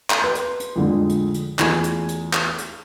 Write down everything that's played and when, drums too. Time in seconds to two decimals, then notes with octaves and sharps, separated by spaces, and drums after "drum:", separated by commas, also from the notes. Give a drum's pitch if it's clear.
0.10 drum: clap
0.20 B4 C6 G6
0.35 drum: hi-hat
0.60 drum: hi-hat
0.76 F2 A2 D3 G#3
1.09 drum: hi-hat
1.34 drum: hi-hat
1.59 E2 A3 F4 G#4 G#5 G#6, drum: clap
1.84 drum: hi-hat
2.09 drum: hi-hat
2.33 drum: clap
2.58 drum: hi-hat